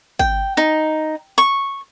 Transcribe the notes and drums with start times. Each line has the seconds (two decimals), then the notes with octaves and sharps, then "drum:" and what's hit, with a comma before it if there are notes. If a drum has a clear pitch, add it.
0.19 G5, drum: kick G#1
0.57 D#4
1.38 C#6